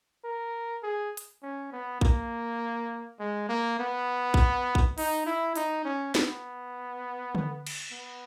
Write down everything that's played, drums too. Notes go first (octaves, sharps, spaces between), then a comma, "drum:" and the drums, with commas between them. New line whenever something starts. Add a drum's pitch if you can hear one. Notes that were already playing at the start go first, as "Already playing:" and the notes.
A#4
G#4
drum: hi-hat
C#4
B3
A#3, drum: kick A#1
G#3
A#3
B3
drum: kick A#1
drum: kick A#1
D#4, drum: open hi-hat
E4
D#4, drum: hi-hat
C#4
B3, drum: snare
drum: tom D3
drum: cymbal
B3